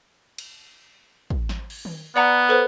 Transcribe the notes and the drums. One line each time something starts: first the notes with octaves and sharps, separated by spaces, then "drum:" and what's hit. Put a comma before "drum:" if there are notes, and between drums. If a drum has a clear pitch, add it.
drum: cymbal
drum: kick
drum: snare
drum: cymbal
drum: tom D#3
B3 D5 F#5 A#5
A4 B4 C5